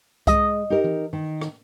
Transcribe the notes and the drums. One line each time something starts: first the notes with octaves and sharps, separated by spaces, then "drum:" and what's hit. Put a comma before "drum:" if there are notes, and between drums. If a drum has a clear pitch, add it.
G#3 D#5, drum: kick C2, hi-hat
D#4 G4 A#4
drum: tom E3
D#3
drum: rim click